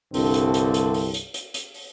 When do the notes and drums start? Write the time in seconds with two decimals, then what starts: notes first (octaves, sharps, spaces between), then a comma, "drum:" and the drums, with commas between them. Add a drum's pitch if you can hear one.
0.14 C2 G2 D3 C4 A4, drum: open hi-hat
0.34 drum: hi-hat
0.54 drum: hi-hat
0.74 drum: hi-hat
0.94 drum: open hi-hat
1.14 drum: hi-hat
1.34 drum: hi-hat
1.54 drum: hi-hat
1.74 drum: open hi-hat